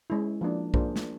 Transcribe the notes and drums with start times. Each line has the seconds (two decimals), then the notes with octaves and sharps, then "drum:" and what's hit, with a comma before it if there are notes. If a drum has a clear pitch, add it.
0.10 G#3 C#4 E4
0.41 F3 A#3 D4
0.74 A#3 D4 F4 G#4 C5, drum: kick B1
0.96 drum: snare